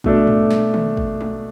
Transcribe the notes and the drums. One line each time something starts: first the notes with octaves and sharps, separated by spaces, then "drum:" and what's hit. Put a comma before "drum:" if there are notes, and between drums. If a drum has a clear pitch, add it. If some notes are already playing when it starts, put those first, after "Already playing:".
B2 A3 D4, drum: kick
drum: tom G#2
drum: snare
drum: tom D#3
drum: kick
drum: tom G#3